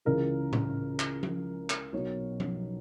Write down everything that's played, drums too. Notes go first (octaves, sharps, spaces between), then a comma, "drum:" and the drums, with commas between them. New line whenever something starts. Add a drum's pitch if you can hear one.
C#2 C#3 E3 A#4
drum: tom A2
drum: clap
drum: tom F3
drum: clap
B1 B2 F#3 C#5
drum: tom F3